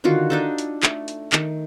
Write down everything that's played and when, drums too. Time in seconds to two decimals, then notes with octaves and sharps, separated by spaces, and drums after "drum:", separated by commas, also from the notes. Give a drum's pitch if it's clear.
0.04 D3 D#3 F4 F#4
0.30 D4 D#4 A4
0.58 drum: hi-hat
0.83 A3, drum: clap
1.08 drum: hi-hat
1.33 D#3, drum: clap